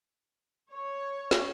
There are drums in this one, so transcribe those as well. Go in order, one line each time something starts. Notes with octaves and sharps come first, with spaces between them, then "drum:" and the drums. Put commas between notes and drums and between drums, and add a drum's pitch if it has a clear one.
C#5
drum: snare